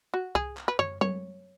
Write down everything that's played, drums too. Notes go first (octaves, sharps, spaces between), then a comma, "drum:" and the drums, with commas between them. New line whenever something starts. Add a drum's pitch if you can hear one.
F#4
G#4, drum: kick C2
drum: clap
B4
C#5, drum: tom
C#5, drum: tom F#3